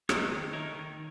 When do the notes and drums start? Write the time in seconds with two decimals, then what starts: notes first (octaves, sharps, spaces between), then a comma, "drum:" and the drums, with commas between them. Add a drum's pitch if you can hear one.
0.09 A3 D#4 A#4 C#5, drum: rim click
0.32 D#3
0.52 A3 D#4 A#4 C#5
0.75 D#3